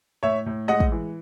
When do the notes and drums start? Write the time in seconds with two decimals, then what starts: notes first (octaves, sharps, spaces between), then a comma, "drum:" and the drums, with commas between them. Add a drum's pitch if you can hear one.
0.23 A2 C#5 E5
0.46 A2
0.68 G#3 D#5 F#5
0.80 drum: kick
0.91 E3